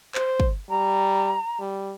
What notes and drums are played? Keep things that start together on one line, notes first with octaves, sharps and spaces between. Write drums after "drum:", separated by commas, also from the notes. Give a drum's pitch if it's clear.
C5, drum: clap
drum: kick
G3 A#5
G3